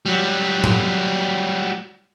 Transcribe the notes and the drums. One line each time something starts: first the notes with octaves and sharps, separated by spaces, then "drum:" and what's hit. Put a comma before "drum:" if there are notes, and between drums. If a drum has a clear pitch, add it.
F#3 G3
drum: tom A2